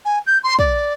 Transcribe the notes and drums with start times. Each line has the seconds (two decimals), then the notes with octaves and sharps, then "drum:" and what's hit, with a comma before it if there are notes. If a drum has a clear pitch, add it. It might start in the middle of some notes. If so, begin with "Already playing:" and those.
0.05 G#5
0.27 G6
0.43 C6
0.59 D5, drum: kick